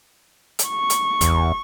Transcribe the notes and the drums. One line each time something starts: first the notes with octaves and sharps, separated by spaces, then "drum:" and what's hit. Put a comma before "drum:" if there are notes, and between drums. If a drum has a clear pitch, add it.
drum: hi-hat
C#6
drum: hi-hat
E2, drum: kick, hi-hat